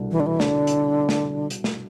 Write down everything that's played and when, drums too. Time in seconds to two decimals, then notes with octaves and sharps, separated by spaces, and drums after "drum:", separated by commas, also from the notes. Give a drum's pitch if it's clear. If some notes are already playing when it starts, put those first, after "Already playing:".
Already playing: C2 B2 D4 A4
0.11 E3
0.20 D3
0.26 E3
0.40 D3, drum: snare
0.67 drum: hi-hat
1.09 drum: snare
1.50 drum: hi-hat
1.64 drum: snare